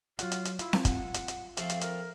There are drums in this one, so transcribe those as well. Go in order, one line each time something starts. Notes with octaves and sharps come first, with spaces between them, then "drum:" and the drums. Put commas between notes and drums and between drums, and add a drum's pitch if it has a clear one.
F#3 F4 C#5 F#5, drum: hi-hat
drum: hi-hat
drum: hi-hat
E4 F4, drum: hi-hat
drum: snare C4
F#5, drum: kick, hi-hat
drum: hi-hat
drum: hi-hat
F3 A3 C4 F5, drum: hi-hat
drum: hi-hat
A#4, drum: hi-hat